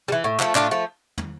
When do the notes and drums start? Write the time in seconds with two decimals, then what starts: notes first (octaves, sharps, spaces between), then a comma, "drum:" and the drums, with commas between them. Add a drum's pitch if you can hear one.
0.08 G3
0.12 E3
0.24 A2
0.40 F3 A3, drum: clap
0.55 A2 D4 F4, drum: clap
0.71 F3 A3
1.18 drum: tom